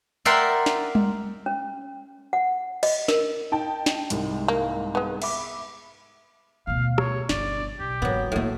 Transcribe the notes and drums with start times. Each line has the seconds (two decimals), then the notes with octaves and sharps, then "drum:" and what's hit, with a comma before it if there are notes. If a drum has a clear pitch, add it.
0.25 A#4 D5 E5 F#5 G5 C6
0.66 drum: snare
0.95 drum: tom G3
1.46 C#4
2.33 F#5
2.83 D#5, drum: cymbal
3.08 A#4, drum: snare
3.52 D#4 G5 A5
3.86 drum: snare
4.10 C2 G#2, drum: hi-hat
4.48 A#3
4.95 G#3 B3
5.22 E5 B5 D6, drum: cymbal
6.67 D2 B2 F5
6.98 C#5, drum: rim click
7.29 G1 D3 D5, drum: snare
7.79 B1 G4
8.02 F#1 G#2 F#3 B3
8.32 A2 A3 A#3 E4